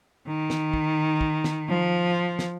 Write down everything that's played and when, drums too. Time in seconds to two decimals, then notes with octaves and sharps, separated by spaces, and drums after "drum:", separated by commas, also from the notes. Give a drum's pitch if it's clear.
0.27 D#3
0.50 drum: snare
0.74 drum: kick
1.21 drum: kick
1.44 drum: snare
1.68 F3
2.39 drum: snare